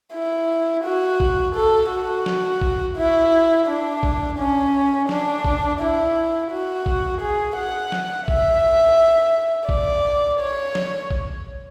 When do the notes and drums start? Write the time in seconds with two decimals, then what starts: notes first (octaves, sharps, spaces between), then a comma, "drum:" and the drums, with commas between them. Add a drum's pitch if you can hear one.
0.14 E4
0.85 F#4
1.20 drum: kick
1.55 A4
1.90 F#4
2.26 drum: snare
2.62 drum: kick
2.97 E4
3.67 D4
4.03 drum: kick
4.39 C#4
5.09 D4, drum: snare
5.45 drum: kick
5.80 E4
6.51 F#4
6.86 drum: kick
7.21 G#4
7.57 F#5
7.92 drum: snare
8.28 E5, drum: kick
9.69 D5, drum: kick
10.40 C#5
10.75 drum: snare
11.11 drum: kick